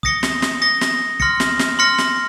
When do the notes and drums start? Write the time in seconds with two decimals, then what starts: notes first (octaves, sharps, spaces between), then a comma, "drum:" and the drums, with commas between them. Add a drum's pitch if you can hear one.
0.03 D#6 A#6 C#7 G7, drum: kick
0.23 drum: snare
0.42 drum: snare
0.62 D#6 A#6 C#7 G7
0.81 drum: snare
1.20 C6 F6 A#6 C#7, drum: kick
1.40 drum: snare
1.59 drum: snare
1.79 C6 F6 A#6 C#7
1.98 drum: snare